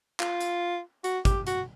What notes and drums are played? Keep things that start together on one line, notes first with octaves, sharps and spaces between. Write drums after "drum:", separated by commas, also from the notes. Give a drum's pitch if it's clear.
F4, drum: clap
drum: hi-hat
F#4, drum: hi-hat
G4, drum: kick, hi-hat
F#4, drum: hi-hat